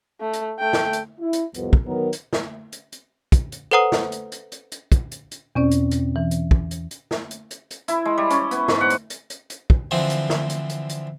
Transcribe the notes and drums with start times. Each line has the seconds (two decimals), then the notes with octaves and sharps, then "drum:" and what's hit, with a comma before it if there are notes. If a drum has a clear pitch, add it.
0.21 A3
0.33 drum: hi-hat
0.59 A3 G5
0.73 drum: snare
0.93 drum: hi-hat
1.20 E4
1.33 drum: hi-hat
1.54 C2 F2 B3, drum: hi-hat
1.73 drum: kick
1.86 D#3 F#3 B3 A#4
2.13 drum: hi-hat
2.33 drum: snare
2.72 drum: hi-hat
2.92 drum: hi-hat
3.32 drum: kick, hi-hat
3.52 drum: hi-hat
3.71 A4 B4 C5 F#5 A#5 D#6
3.92 drum: snare
4.12 drum: hi-hat
4.32 drum: hi-hat
4.52 drum: hi-hat
4.72 drum: hi-hat
4.92 drum: kick, hi-hat
5.12 drum: hi-hat
5.31 drum: hi-hat
5.55 E2 B2 C4 C#4 D5
5.71 drum: hi-hat
5.91 drum: hi-hat
6.16 E3
6.31 drum: hi-hat
6.51 drum: kick
6.71 drum: hi-hat
6.91 drum: hi-hat
7.11 drum: snare
7.31 drum: hi-hat
7.51 drum: hi-hat
7.71 drum: hi-hat
7.88 E4, drum: hi-hat
8.05 G#3
8.18 G3
8.30 C#4, drum: hi-hat
8.51 B3, drum: hi-hat
8.68 G#2, drum: snare
8.81 F#5
8.90 drum: hi-hat
9.10 drum: hi-hat
9.30 drum: hi-hat
9.50 drum: hi-hat
9.70 drum: kick
9.91 D3 E3 F3 C4
10.10 drum: hi-hat
10.30 drum: snare
10.50 drum: hi-hat
10.69 drum: hi-hat
10.89 drum: hi-hat